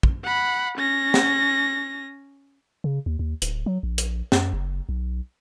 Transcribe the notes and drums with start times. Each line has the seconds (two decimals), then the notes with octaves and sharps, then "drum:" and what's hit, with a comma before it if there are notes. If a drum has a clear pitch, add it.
0.03 drum: kick
0.24 F#5 B5
0.78 C#4 A#6
1.14 drum: snare
2.84 C#3
3.06 D#2
3.19 D#2
3.42 D1, drum: hi-hat
3.66 F#3
3.83 A#1
3.98 drum: hi-hat
4.32 F#2, drum: snare
4.53 F#1
4.89 B1